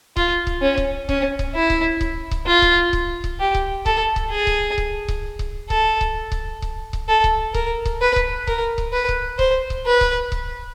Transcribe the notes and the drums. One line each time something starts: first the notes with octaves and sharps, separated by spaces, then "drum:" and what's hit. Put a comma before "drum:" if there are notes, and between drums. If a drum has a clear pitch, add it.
F4, drum: kick C#1
drum: kick C#1
C#4
drum: kick C#1
C#4, drum: kick C#1
drum: kick C#1
E4
drum: kick C#1
drum: kick C#1
drum: kick C#1
F4
drum: kick C#1
drum: kick C#1
drum: kick C#1
G4
drum: kick C#1
A4, drum: kick C#1
drum: kick C#1
G#4
drum: kick C#1
drum: kick C#1
drum: kick C#1
drum: kick C#1
A4, drum: kick C#1
drum: kick C#1
drum: kick C#1
drum: kick C#1
drum: kick C#1
A4
drum: kick C#1
A#4, drum: kick C#1
drum: kick C#1
B4
drum: kick C#1
A#4, drum: kick C#1
drum: kick C#1
B4
drum: kick C#1
C5, drum: kick C#1
drum: kick C#1
B4
drum: kick C#1
drum: kick C#1